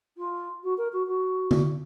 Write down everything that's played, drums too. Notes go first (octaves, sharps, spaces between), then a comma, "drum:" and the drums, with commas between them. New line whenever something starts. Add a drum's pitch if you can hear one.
F4
F#4
A#4
F#4
F#4
drum: tom